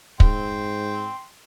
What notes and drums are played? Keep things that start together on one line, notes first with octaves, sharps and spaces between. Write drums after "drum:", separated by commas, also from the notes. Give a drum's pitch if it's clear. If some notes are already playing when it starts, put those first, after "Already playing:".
G#2 G5 C6, drum: kick